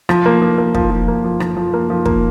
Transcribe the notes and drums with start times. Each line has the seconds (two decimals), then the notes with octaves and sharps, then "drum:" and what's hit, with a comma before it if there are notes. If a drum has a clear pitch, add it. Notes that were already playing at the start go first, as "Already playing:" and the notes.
0.09 F3, drum: rim click
0.26 A#3
0.41 F3
0.58 A#3
0.74 F3, drum: kick
0.91 F3
1.08 A#3
1.24 F3
1.40 F3, drum: rim click
1.57 F3
1.74 A#3
1.90 F3
2.05 A#3, drum: kick